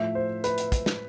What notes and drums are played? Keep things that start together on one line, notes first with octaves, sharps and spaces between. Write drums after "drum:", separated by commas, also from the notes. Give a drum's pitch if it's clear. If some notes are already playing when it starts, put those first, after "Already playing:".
Already playing: A2 F3 A3 E5
C5
B4, drum: hi-hat
drum: hi-hat
drum: kick, hi-hat
drum: snare